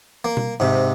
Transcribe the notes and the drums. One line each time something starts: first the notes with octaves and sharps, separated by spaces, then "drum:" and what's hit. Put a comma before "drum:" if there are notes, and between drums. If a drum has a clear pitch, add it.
A#3
drum: tom B2
G#2 C3